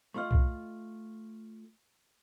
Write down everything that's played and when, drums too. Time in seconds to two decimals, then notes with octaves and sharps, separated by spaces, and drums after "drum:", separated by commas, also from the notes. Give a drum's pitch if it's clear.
0.14 A3 F4 D#5 C#6 F6
0.31 drum: kick